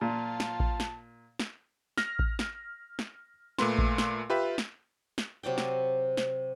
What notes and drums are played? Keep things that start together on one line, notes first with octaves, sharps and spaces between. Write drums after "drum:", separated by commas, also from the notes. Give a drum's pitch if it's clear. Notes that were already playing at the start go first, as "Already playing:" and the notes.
A#2 F4 A5
drum: snare
drum: kick A1
drum: snare
drum: snare
F6 A#6, drum: snare
drum: kick A1
drum: snare
drum: snare
A#2 A3 B4 C6, drum: snare
drum: kick A1
drum: snare
F4 G4 B4 E5
drum: snare
drum: snare
C3 F#3 D5 G5
drum: snare
drum: snare